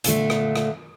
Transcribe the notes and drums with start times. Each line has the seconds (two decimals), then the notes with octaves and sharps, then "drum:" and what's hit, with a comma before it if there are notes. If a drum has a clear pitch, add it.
0.04 A#2 D3 A3, drum: hi-hat
0.30 drum: rim click
0.56 drum: rim click